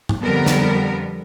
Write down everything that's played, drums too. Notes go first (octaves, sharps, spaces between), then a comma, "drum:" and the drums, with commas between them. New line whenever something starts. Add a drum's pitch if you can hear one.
drum: tom G#2
F2 D3 G3 B3 A#4
drum: snare